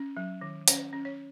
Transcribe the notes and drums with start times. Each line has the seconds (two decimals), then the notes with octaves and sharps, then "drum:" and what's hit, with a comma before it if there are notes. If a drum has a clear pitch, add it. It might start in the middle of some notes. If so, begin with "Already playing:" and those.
Already playing: C#4
0.17 F#3
0.41 D#3
0.68 C#4 C#5, drum: hi-hat
0.93 C#4
1.05 C#5